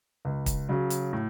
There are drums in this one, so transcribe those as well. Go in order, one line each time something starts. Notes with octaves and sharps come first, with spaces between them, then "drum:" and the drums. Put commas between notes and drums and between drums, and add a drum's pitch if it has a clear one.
C#2
drum: kick, hi-hat
C#3 F#3
drum: hi-hat
A2